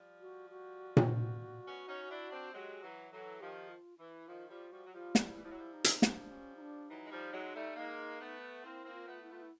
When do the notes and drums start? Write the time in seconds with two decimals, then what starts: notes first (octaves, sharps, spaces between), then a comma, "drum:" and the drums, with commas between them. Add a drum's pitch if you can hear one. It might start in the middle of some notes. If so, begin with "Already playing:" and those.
Already playing: F3 G3
0.21 F#4
0.50 F#4
0.97 drum: tom A#2
1.66 B3 C#4
1.89 C#4 D#4
2.09 D4 E4
2.31 C4 D4
2.53 F#3 G#3 G4
2.82 E3 F#3
3.11 E3 F#3 A4
3.41 D#3 F3 G4
3.69 F4
3.98 E3 E4
4.28 D#3 F3 F4
4.49 F3 G3 F4
4.72 F3 G3 F#4
4.85 F#3
4.93 F3 G3 F4
5.15 F3 G3 E4, drum: snare
5.36 E3
5.44 F3 E4
5.51 F#3
5.58 F3 G3
5.73 D#4
5.84 drum: hi-hat
6.02 D4, drum: snare
6.31 C#4
6.56 D#4
6.61 D4
6.89 E3 F#3 D#4
7.06 G#3
7.11 F3 G3
7.32 F#3 G#3
7.55 G3 A3
7.76 G#3 A#3
8.21 A3 B3
8.63 A#3 C4 E4
8.85 A#3 C4
8.93 F4
9.07 A3 B3
9.22 E4
9.29 A3 B3 F4
9.42 E4